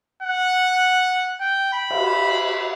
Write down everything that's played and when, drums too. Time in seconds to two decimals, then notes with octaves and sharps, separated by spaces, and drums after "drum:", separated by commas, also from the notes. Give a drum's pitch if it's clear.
0.22 F#5
1.40 G5
1.73 B5
1.90 drum: cymbal